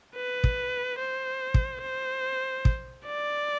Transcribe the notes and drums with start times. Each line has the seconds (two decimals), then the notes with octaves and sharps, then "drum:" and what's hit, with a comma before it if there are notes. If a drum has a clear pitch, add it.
0.16 B4
0.44 drum: kick
0.99 C5
1.54 drum: kick
1.82 C5
2.65 drum: kick
3.07 D5